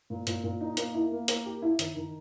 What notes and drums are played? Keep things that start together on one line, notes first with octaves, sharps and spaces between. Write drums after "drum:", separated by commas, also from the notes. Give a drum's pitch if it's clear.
A#2
A#2, drum: hi-hat
A#2
D#4
A#3, drum: hi-hat
E4
A#3
A#3, drum: hi-hat
G4
E4
D#3, drum: hi-hat
D#3